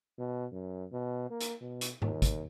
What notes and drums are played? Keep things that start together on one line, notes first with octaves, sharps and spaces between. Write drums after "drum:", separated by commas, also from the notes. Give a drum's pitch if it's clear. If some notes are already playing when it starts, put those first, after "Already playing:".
B2
F#2
B2
A#3
drum: hi-hat
B2
drum: hi-hat
D#2, drum: tom G#2
drum: kick, hi-hat